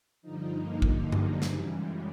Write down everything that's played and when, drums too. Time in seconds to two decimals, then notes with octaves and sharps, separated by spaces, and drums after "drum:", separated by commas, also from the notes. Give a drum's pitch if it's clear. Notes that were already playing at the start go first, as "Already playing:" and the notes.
0.22 G2 D3 F3 D#4
0.53 A#3
0.82 F3, drum: kick
1.12 F#3, drum: tom G2
1.42 F#2 C#3 E3 G3, drum: snare
1.72 G#3